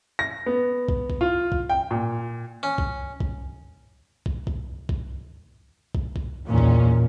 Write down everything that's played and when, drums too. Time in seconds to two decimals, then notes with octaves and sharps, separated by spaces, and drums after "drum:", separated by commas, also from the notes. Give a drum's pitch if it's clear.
0.19 A#6
0.46 B3
0.89 drum: kick
1.10 drum: kick
1.21 F4
1.52 drum: kick
1.69 G5
1.91 A#2
2.63 C#4
2.78 drum: kick
3.20 drum: kick
4.26 drum: kick
4.47 drum: kick
4.89 drum: kick
5.95 drum: kick
6.16 drum: kick
6.48 E2 A#2 D#3 C#4
6.58 drum: kick